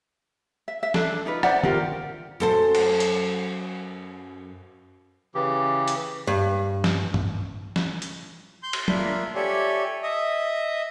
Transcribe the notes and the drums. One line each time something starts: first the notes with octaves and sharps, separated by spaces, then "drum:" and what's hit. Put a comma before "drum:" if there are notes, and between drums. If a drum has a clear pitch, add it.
E5
E5
D4 A4 A5, drum: snare
D#4 F4 B4
C5 D5 E5 F#5, drum: rim click
F4 G4 A#4 F#5, drum: tom
F#2 A4 C5
drum: cymbal
drum: hi-hat
C#3 E3 G4
drum: hi-hat
G2
drum: snare
drum: tom
drum: snare
drum: hi-hat
C6 G6
drum: cymbal
A#3 D4 F4 E5 F5 B5, drum: tom
G4 A4 C#5 D5 E5 G#5
D#5 E5 D#6